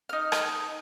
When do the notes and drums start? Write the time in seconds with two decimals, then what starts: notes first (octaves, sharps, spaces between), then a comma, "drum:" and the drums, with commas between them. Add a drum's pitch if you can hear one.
0.09 D#4 F6
0.32 drum: rim click